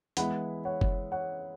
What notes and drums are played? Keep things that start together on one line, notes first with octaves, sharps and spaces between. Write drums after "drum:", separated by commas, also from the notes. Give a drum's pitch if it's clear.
E3 G#3 B3 E4 F#5 B5, drum: hi-hat
C#5 F#5
drum: kick F#1
C#5 F#5